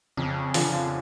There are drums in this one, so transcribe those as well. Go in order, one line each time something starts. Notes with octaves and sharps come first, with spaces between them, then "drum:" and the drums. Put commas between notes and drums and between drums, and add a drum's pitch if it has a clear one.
F2 C#3
D3 F3, drum: open hi-hat